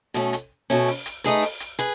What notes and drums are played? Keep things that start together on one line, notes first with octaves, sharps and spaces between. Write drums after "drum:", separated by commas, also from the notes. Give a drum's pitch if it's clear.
B2 A3 C#4, drum: hi-hat
drum: hi-hat
B2 A3 C#4
drum: open hi-hat
drum: hi-hat
A3 D#4 G#4 B4, drum: hi-hat
drum: open hi-hat
drum: hi-hat
G#4 B4, drum: hi-hat